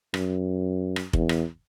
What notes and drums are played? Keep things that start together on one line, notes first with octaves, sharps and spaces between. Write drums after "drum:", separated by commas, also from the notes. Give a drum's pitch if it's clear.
F#2, drum: rim click
drum: rim click
E2, drum: kick F1
drum: rim click